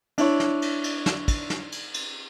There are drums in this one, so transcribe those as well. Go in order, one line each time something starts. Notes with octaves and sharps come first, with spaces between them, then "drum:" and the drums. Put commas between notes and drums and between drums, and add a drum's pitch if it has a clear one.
D4 E4 C#5, drum: cymbal
drum: snare
drum: cymbal
drum: cymbal
drum: snare
drum: kick, cymbal
drum: snare
drum: cymbal
drum: cymbal